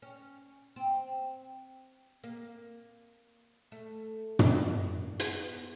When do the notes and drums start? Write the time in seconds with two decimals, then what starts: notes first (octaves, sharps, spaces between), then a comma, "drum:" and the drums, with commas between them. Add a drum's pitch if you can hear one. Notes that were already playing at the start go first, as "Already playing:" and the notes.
0.02 C#4
0.76 C4
2.24 A#3
3.72 A3
4.39 B3, drum: tom
4.46 A#3
5.20 B3, drum: hi-hat